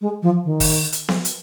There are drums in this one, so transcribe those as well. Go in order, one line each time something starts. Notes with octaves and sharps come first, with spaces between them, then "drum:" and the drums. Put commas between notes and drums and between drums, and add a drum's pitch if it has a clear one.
G#3
F3
D#3
drum: kick, open hi-hat
drum: hi-hat
drum: snare B3
drum: hi-hat